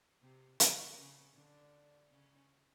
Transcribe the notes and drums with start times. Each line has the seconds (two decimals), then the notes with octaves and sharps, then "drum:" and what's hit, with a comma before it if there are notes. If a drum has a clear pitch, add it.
0.22 C3 C4
0.60 D3 D4, drum: hi-hat
0.97 C#3 C#4
1.36 D3 D4
2.11 C#3 C#4